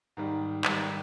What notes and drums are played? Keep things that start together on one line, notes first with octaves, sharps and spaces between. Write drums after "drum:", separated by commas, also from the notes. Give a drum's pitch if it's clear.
G#2 D#3 G3
G#2 D#3 G3, drum: clap